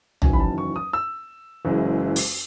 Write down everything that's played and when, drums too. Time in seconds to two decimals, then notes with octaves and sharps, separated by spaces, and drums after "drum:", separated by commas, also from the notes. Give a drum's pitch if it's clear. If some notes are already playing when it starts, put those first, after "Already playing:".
0.22 F#1 E2 D#3 F#3 C#4 G#5, drum: tom
0.33 B5
0.40 A5
0.58 C#6
0.76 D#6
0.93 E6
1.65 F#1 F#2 E3 G#3
2.16 drum: open hi-hat